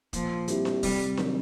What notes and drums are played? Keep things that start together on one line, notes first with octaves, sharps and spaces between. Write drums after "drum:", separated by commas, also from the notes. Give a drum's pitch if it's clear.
A#2 F3, drum: kick E1, hi-hat
G3 C4 E4 G4, drum: hi-hat
drum: snare D4
C3 G3, drum: kick E1, open hi-hat
D#3 F#3, drum: snare D4